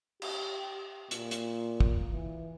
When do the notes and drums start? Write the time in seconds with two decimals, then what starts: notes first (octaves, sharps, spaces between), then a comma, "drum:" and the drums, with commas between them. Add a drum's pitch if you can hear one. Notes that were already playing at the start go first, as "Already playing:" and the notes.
0.22 G4, drum: cymbal
1.11 A#2, drum: hi-hat
1.31 drum: hi-hat
1.80 drum: kick
2.12 E3